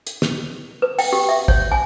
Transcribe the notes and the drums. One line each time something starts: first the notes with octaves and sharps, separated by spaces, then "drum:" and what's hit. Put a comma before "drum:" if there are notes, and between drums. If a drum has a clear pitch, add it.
drum: hi-hat
drum: snare
B4
G5, drum: open hi-hat
G4
E5
C#5, drum: kick
G#5